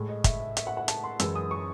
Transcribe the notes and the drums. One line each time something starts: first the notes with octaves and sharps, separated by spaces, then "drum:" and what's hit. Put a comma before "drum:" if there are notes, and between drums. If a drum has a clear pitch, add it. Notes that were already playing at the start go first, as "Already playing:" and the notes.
Already playing: A2 G#3
D#5
E5, drum: kick, hi-hat
E5
E5, drum: hi-hat
F#5
F#5
A5, drum: hi-hat
C6
F#2 E3 G#3 E6, drum: hi-hat
D#6
C#6